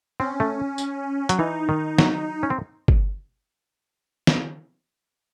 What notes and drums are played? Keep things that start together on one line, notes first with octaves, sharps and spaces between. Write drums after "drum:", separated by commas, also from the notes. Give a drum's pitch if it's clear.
C4 C#4
A3
drum: tambourine
F#3, drum: hi-hat
E3 D#4
D#3
F#3, drum: snare
C#4
C4
drum: kick G1
drum: snare